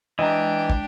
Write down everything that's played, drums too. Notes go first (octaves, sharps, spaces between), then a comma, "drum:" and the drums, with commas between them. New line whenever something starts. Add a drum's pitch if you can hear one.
E3 G#3 D4 G4 D#5 G5 A#5
drum: kick